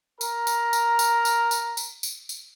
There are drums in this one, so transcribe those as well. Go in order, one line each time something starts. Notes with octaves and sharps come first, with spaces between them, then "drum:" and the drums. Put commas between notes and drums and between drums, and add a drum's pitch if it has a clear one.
A#4 A#5, drum: tambourine
drum: tambourine
drum: tambourine
drum: tambourine
drum: tambourine
drum: tambourine
drum: tambourine
drum: tambourine
drum: tambourine